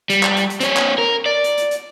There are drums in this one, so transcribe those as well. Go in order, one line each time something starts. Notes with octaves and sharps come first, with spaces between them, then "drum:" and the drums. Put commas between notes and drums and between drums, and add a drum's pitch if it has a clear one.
G3, drum: hi-hat
drum: clap
drum: hi-hat
drum: hi-hat
C4 C#5, drum: hi-hat
drum: clap
A#4
D5
drum: hi-hat
drum: hi-hat
drum: hi-hat